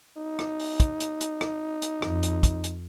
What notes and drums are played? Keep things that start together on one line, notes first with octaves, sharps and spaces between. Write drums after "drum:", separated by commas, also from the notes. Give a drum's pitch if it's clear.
D#4
drum: rim click
drum: open hi-hat
drum: kick, hi-hat
drum: hi-hat
drum: hi-hat
drum: rim click
drum: hi-hat
F2, drum: rim click
drum: hi-hat
drum: kick, hi-hat
drum: hi-hat